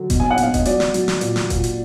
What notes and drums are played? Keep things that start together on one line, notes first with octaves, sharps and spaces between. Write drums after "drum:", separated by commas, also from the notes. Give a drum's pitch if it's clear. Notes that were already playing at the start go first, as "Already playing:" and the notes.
Already playing: D3 F#3
B2, drum: kick F1, hi-hat
G#5
F#5
B2 F5, drum: hi-hat
D#5, drum: kick F1, hi-hat
F#3 D5, drum: hi-hat
drum: snare
F#3, drum: hi-hat
drum: snare
A#2, drum: hi-hat
drum: snare
A#2, drum: kick F1, hi-hat
drum: hi-hat